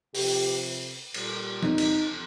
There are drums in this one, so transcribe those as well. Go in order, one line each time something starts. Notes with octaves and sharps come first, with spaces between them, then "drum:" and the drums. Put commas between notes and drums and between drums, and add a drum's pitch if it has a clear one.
C3 F3 G4, drum: open hi-hat
A#2 G3, drum: cymbal
D#4, drum: tom F3
drum: cymbal